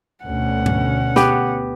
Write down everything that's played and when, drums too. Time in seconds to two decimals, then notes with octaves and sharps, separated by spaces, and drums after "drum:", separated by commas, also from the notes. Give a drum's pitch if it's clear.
0.24 D2 B2 C#4 F#5
0.66 drum: tom G#2
1.16 B3 G4, drum: snare